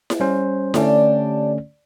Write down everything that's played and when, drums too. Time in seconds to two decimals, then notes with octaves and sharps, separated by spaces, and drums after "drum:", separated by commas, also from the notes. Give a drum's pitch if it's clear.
0.10 drum: snare E4
0.20 G3 C#4 C5
0.74 D3 A3 C#4 D4 G4, drum: snare E4